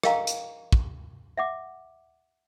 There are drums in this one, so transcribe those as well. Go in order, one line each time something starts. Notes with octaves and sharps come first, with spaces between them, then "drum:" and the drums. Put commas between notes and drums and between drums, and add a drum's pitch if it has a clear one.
A#4 D#5 F5 G5 A#5, drum: rim click
drum: hi-hat
drum: kick
E5 F#5 D6